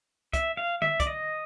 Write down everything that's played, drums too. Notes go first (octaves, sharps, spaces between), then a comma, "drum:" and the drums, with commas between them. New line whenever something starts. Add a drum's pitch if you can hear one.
E5, drum: kick, hi-hat
F5
E5, drum: tom D3
D5, drum: kick, hi-hat
D#5